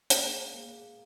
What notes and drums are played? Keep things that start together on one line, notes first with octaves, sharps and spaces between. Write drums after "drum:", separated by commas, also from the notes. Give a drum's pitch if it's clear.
G#3 A#3, drum: hi-hat
G#3 A#3